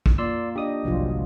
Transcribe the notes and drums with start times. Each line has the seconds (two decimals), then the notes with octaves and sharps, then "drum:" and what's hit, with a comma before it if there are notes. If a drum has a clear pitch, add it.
0.06 drum: kick
0.18 A#3 F4 D5 C6 E6
0.56 D4 G4 D#5 D#6
0.85 G1 C2 F3 F#3 F4